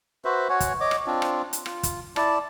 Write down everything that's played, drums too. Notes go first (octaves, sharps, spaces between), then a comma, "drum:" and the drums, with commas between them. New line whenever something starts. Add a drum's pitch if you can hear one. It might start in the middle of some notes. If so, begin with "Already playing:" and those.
F#4 B4 C5 E5
F#4 C#5 F#5 G#5
drum: kick, hi-hat
C#5 D#5 D6
drum: rim click
C4 D4 F4
drum: rim click
drum: hi-hat
F4, drum: rim click
drum: kick, hi-hat
E4 D5 A5, drum: rim click